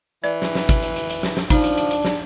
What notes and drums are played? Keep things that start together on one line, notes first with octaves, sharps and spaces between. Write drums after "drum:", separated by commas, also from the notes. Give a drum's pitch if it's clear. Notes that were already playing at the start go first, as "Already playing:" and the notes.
E3 D5
drum: snare
drum: snare
drum: kick, hi-hat
drum: hi-hat
drum: hi-hat
drum: hi-hat
drum: snare
drum: snare
F3 D4 D#4, drum: kick, hi-hat
drum: hi-hat
drum: hi-hat
drum: hi-hat
drum: snare